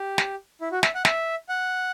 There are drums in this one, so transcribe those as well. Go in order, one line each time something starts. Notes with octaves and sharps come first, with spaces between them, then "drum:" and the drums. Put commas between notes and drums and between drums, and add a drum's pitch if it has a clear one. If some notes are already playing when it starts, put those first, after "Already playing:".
Already playing: G4
drum: snare
E4
F#4
E5, drum: snare
F#5
E5, drum: snare
F#5